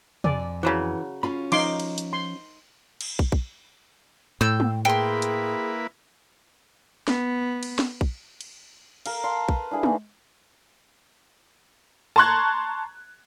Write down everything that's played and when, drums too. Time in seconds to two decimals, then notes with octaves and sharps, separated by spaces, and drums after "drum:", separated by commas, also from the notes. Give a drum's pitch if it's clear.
0.24 F2 D5 G#5, drum: tom
0.63 C#3 E3 F#3 F#5
1.23 C#4 F4 F5 B5
1.52 F3 D#4 C6 D6, drum: cymbal
1.80 drum: cymbal
1.98 drum: hi-hat
2.13 C6
3.01 drum: cymbal
3.19 drum: kick
3.32 drum: kick
4.41 A2 G5 E6 G6
4.60 drum: tom
4.85 A#3 E4 G#4 B4 G5 C6
5.22 drum: hi-hat
7.08 B3, drum: snare
7.63 drum: cymbal
7.79 drum: snare
8.01 drum: kick
8.41 drum: cymbal
9.06 A#4 F5, drum: cymbal
9.24 F5 A5 C6
9.49 B4, drum: kick
9.71 D4 E4 G#4 B4
9.83 D#3 E3, drum: tom
12.16 A5 A#5 C6 C#6 F#6 G#6, drum: rim click